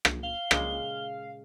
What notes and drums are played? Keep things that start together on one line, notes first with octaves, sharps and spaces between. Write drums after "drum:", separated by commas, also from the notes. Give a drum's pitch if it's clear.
drum: rim click
F5 G7
A#2 C#3 G#3, drum: rim click